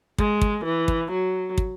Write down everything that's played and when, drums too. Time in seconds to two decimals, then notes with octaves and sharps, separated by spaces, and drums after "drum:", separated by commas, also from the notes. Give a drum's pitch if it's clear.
0.19 G#3, drum: kick
0.42 drum: kick
0.65 E3
0.88 drum: kick
1.11 F#3
1.58 drum: kick